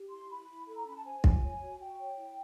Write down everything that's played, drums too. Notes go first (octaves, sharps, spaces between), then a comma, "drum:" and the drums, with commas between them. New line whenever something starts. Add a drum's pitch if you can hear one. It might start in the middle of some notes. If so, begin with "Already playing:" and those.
Already playing: G4
E4 C6
E4 B5
E4
A4 B5
A#5
C#4 B5
A5
C5 G#5
F4, drum: kick
C#5
F#4
F#4 G5
C#5
E4